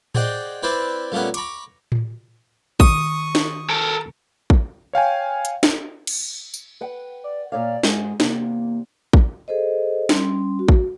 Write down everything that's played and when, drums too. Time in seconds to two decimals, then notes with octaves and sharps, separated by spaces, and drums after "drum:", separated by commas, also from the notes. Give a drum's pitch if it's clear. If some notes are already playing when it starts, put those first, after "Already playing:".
0.15 G#4 C5 D5 D#5 F#5 G5, drum: tom A2
0.63 C4 E4 B4 C5 D5 E5
1.12 A#2 G3 A3 B3 C#4 F#5
1.34 A#5 B5 C#6 D6, drum: hi-hat
1.92 drum: tom A2
2.80 D#3 C#6 D#6, drum: kick A1
3.35 drum: snare
3.70 A4 A#4
4.50 drum: kick A1
4.93 C#5 F5 G5 G#5
5.45 drum: hi-hat
5.63 drum: snare
6.07 drum: cymbal
6.54 drum: tambourine
6.81 B4 F#5 G5
7.24 D5
7.52 A#2 C#5 D5 F5
7.83 G#2 G#3 G#4, drum: snare
8.20 E2 C3 A#3, drum: snare
9.13 drum: kick A1
9.48 G#4 A4 C5 D#5
10.09 G3 C#4 C6, drum: snare
10.59 F#4
10.68 drum: kick A1